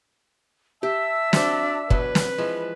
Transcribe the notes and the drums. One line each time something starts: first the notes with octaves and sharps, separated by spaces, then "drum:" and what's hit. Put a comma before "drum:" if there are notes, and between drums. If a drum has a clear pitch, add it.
G4 E5 A5 E6
D4 F#4 C5, drum: snare
E2 B2 F#3 B4, drum: kick
drum: snare
E3 F3 G#3